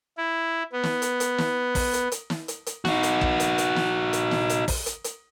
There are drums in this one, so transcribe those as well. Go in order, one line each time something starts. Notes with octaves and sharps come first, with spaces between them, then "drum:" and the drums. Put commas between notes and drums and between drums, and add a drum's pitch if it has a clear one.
E4
B3
drum: snare
drum: hi-hat
drum: hi-hat
drum: snare
drum: kick, open hi-hat
drum: hi-hat
drum: hi-hat
drum: snare
drum: hi-hat
drum: hi-hat
D#4 F#4, drum: snare
drum: hi-hat
drum: kick
drum: hi-hat
drum: hi-hat
drum: snare
drum: hi-hat
drum: snare
drum: hi-hat
drum: kick, open hi-hat
drum: hi-hat
drum: hi-hat